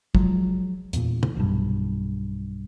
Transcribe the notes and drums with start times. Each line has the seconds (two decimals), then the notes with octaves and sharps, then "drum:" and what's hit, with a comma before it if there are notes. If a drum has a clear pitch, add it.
0.15 F3 F#3 G#3, drum: kick
0.93 E2 A#2, drum: hi-hat
1.23 drum: tom
1.36 B1 G2